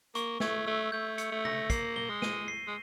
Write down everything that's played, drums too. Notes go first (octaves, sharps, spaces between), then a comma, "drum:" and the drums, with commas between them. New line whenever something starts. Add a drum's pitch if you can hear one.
A#3 C#6, drum: hi-hat
A3 G#6, drum: snare
A3 E6
A3 G6
C#7, drum: hi-hat
A3
A#6, drum: tom C3
A#3 C7, drum: kick, hi-hat
G7, drum: tom A#2
G#3
D#7, drum: snare
C7
G#3